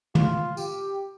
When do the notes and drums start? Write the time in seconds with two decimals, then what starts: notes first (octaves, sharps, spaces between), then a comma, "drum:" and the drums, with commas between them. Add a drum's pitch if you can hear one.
0.15 F4, drum: tom
0.57 G4, drum: tambourine